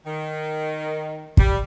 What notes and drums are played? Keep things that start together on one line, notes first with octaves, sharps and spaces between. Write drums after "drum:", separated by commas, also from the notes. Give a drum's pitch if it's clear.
D#3
G3, drum: kick